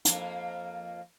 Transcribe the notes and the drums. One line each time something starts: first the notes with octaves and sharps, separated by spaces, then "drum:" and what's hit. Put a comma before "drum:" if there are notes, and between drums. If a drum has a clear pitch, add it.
F2 A#3, drum: hi-hat